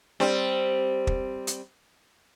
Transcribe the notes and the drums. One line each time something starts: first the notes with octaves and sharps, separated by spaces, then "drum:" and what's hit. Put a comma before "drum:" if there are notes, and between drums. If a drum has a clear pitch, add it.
G3 C4, drum: snare
drum: kick
drum: hi-hat